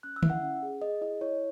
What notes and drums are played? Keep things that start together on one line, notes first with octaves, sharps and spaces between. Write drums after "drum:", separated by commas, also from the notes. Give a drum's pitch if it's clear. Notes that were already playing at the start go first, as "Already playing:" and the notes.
C#4 F#6
E6
E4 E5, drum: tom D3
F#5
C#4
G#4
G#4 D#5
E4 D#5
E4 C#5